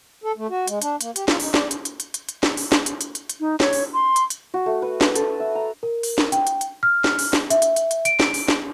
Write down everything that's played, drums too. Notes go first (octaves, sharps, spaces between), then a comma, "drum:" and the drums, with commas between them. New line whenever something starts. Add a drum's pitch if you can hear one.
A4
A3
F#4
G#3, drum: hi-hat
D4, drum: hi-hat
A#3, drum: hi-hat
G4, drum: hi-hat
F4, drum: snare
D#4, drum: open hi-hat
D5, drum: snare
drum: hi-hat
drum: hi-hat
drum: hi-hat
drum: hi-hat
drum: hi-hat
drum: snare
drum: open hi-hat
drum: snare
drum: hi-hat
drum: hi-hat
drum: hi-hat
drum: hi-hat
D#4
C#5, drum: snare
drum: open hi-hat
C6
drum: hi-hat
drum: hi-hat
F#4
A3
B4
B4, drum: snare
A4, drum: hi-hat
E5
A#5
A#4
drum: open hi-hat
drum: snare
G5, drum: hi-hat
drum: hi-hat
drum: hi-hat
F6
drum: snare
drum: open hi-hat
drum: snare
E5, drum: hi-hat
drum: hi-hat
drum: hi-hat
drum: hi-hat
D7, drum: hi-hat
drum: snare
drum: open hi-hat
drum: snare